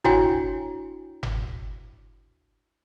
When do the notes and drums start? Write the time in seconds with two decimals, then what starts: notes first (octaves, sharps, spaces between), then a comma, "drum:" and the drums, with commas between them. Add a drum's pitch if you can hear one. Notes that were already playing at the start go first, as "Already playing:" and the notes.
0.04 D4 E4 F#4 C#5 G5 G#5, drum: tom G1
1.23 drum: tom G1